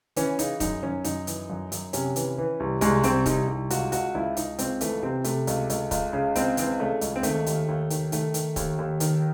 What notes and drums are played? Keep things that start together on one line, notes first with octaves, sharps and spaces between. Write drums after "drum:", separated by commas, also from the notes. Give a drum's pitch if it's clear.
E3 C#4, drum: hi-hat
C#3 D#4, drum: hi-hat
F#2 D#4, drum: kick C#1, hi-hat
F#2 C#4
F#2 D#4, drum: hi-hat
E3, drum: hi-hat
F#2
F#2, drum: hi-hat
C3 C#4, drum: hi-hat
E3, drum: hi-hat
E3
C2
C2 G#3, drum: hi-hat
C2 C4, drum: hi-hat
C2 D#4, drum: kick C#1, hi-hat
C2
C#2 F#4, drum: hi-hat
C#2 F#4, drum: hi-hat
C#2 E4
C#2 D#4, drum: hi-hat
C#2 C4, drum: hi-hat
E3 A3, drum: hi-hat
C3 C4
C3 A3, drum: hi-hat
C#2, drum: hi-hat
C#2, drum: hi-hat
C#2, drum: kick C#1, hi-hat
C#3
C#2 C4, drum: hi-hat
E3 C4, drum: hi-hat
C#3 A3
C#2, drum: hi-hat
C4
D#3 A3, drum: hi-hat
D#2, drum: hi-hat
D#2
D#3, drum: hi-hat
D#3 A3, drum: hi-hat
D#3, drum: hi-hat
D#2, drum: kick C#1, hi-hat
D#2
D#3, drum: hi-hat